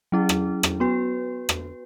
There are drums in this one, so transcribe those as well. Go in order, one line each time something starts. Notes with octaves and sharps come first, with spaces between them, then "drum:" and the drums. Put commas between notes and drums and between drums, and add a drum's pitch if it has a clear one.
F#3 C#4 E4 G#4
drum: rim click
drum: rim click
B3 F#4 B4
drum: rim click